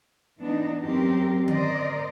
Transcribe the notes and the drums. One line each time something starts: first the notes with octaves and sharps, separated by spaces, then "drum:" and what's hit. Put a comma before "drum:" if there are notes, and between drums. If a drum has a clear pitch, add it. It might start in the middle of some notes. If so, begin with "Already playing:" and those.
E3 B3 D4 D#4
F#2 F#3 C4 C#4 G4 A#4
A#4 C5 D5 D#5, drum: tom D3